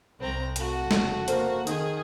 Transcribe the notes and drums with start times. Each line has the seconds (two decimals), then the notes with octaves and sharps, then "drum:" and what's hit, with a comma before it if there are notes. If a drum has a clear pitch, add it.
0.20 C2 C4 A#5
0.56 A3 F#4, drum: hi-hat
0.91 F1 C#3, drum: snare
1.28 A#3 C5, drum: hi-hat
1.67 D#3 D#4 G#4, drum: hi-hat